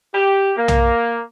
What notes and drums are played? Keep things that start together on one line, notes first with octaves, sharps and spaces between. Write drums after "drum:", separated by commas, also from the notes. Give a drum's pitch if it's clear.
G4
A#3
drum: tom B1